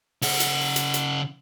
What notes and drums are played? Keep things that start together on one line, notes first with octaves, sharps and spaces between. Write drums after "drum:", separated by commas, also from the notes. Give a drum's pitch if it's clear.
C#3 F#5, drum: open hi-hat
drum: hi-hat
drum: hi-hat
drum: hi-hat